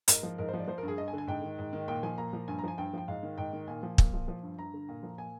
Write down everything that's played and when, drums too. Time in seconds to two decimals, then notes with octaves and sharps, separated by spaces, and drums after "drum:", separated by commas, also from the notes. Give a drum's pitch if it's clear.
0.08 G#2 A#4, drum: hi-hat
0.23 F3
0.38 G#2 A#4
0.49 C5
0.53 F3
0.59 D5
0.68 F3 C5
0.78 A#4
0.83 G2
0.88 G#4
0.98 G2 D#5
1.08 G#5
1.13 D3
1.18 G#5
1.28 G#2 G5
1.43 D#3
1.58 G#2
1.73 D#3
1.88 A#2 G5
2.03 F3 G#5
2.18 A#2 A#5
2.33 F3
2.48 G2 G#5
2.59 A#5
2.63 F3 G#5
2.78 G2 G5
2.93 F3 G5
3.08 G#2 F5
3.23 D#3
3.38 G#2 G5
3.53 D#3
3.68 A#2 G#5
3.83 F3
3.98 A#2, drum: kick
4.14 F3
4.28 F3
4.43 G2
4.58 G2 A#5
4.74 D3
4.89 A#2
5.03 F3
5.18 A#2 G#5